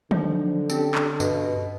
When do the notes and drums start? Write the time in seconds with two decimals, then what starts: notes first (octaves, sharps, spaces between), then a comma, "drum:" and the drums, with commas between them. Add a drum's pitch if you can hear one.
0.11 D3 F3 F#3 D#4, drum: tom
0.70 C4 C#4 G4 A4, drum: tambourine
0.95 drum: clap
1.20 G2 B2, drum: tambourine